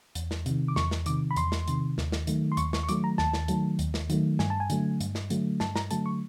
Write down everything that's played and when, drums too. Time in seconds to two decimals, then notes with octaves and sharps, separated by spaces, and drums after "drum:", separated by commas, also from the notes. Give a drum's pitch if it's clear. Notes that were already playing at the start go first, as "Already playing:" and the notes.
0.15 E2, drum: hi-hat
0.31 drum: snare
0.46 C3 D#3, drum: hi-hat
0.68 D6
0.76 E2 C#6, drum: snare
0.91 drum: snare
1.06 C3 D#3 D6, drum: hi-hat
1.31 B5
1.36 E2 C6, drum: hi-hat
1.52 drum: snare
1.68 C3 D#3, drum: hi-hat
1.98 D#2, drum: snare
2.12 drum: snare
2.27 D#3 F#3 A3, drum: hi-hat
2.52 C6
2.57 D#2 C#6, drum: hi-hat
2.73 C#6, drum: snare
2.83 C#6
2.89 D#3 F#3 A3 D6, drum: hi-hat
3.04 A#5
3.18 D#2 A5, drum: snare
3.33 drum: snare
3.48 D#3 F#3 A3, drum: hi-hat
3.79 D#2, drum: hi-hat
3.94 drum: snare
4.10 D#3 F#3 A3, drum: hi-hat
4.39 G2 G#5, drum: snare
4.50 A5
4.60 G#5
4.70 D3 F#3 A3, drum: hi-hat
5.00 G2, drum: hi-hat
5.15 drum: snare
5.30 D3 F#3 A3, drum: hi-hat
5.60 G2 A5, drum: snare
5.76 A#5, drum: snare
5.91 D3 F#3 A3 A5, drum: hi-hat
6.06 C#6